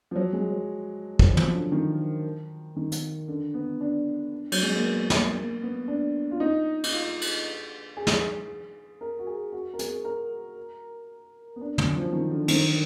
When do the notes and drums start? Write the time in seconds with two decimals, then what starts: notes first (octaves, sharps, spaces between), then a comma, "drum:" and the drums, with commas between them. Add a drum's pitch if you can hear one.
0.11 F3
0.16 F#3
0.33 G#3
0.50 F#3
1.19 F3, drum: kick
1.29 F#3
1.37 F3, drum: tom
1.54 D3
1.72 D#3
2.76 D#3
2.92 drum: hi-hat
3.28 D3
3.54 B3
3.81 D4
4.52 F#3, drum: cymbal
4.63 G#3
4.74 A#3
4.84 B3
5.10 A#3, drum: snare
5.36 A#3
5.62 B3
5.88 D4
6.31 F4
6.40 D#4
6.84 D#4, drum: cymbal
6.92 F4
7.21 drum: cymbal
7.97 G#4
8.07 drum: snare
9.01 A#4
9.19 F#4
9.27 G#4
9.52 F#4
9.74 A#4
9.79 G#4, drum: hi-hat
10.05 A#4
11.56 B3
11.61 D4
11.78 F#3, drum: tom
11.96 F3
12.13 D#3
12.30 D3
12.48 D#3, drum: cymbal